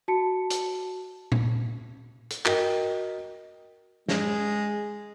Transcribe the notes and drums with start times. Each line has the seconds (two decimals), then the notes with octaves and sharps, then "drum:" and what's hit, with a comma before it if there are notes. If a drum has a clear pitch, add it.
0.08 F#4 A5 C#7
0.50 drum: hi-hat
1.32 drum: tom A#2
2.30 drum: hi-hat
2.45 F#4 A#4 D#5 G5, drum: clap
4.09 G#3, drum: snare